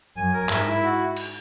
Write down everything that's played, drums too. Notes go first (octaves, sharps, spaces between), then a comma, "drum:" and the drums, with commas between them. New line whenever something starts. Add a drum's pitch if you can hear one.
F#2 G#5
A#4
G#2 E5, drum: clap
E4
F#4
drum: cymbal